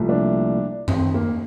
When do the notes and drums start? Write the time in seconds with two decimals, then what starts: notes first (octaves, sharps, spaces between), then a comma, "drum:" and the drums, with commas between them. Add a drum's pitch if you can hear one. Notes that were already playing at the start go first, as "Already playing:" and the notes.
Already playing: C2 A#2 F3 A3
0.09 D4
0.88 C4, drum: tom F#2
1.14 A#3